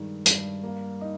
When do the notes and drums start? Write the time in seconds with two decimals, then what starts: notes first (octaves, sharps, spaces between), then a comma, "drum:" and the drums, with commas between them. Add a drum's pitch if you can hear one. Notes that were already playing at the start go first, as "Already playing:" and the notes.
Already playing: G2 D#3 G#3
0.26 G2, drum: hi-hat
0.63 A#3
1.01 D#4